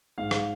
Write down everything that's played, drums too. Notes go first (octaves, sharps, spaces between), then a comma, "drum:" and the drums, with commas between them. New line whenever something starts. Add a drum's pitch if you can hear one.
G#2 F5
drum: rim click